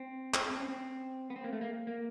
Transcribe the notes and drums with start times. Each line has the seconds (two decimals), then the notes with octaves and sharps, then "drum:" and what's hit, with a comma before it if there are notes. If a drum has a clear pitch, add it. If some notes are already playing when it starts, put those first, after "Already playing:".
Already playing: C4
0.34 C4, drum: clap
0.51 C4
0.60 C#4
0.68 C4
1.30 B3
1.36 C4
1.44 A#3
1.53 A3
1.61 A#3
1.87 A#3